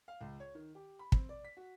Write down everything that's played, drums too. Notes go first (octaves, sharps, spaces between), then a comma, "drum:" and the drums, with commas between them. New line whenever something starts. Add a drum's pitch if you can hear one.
F5
C#2
C#5
D#3
G4
B5
C4, drum: kick
D5
B6
F#4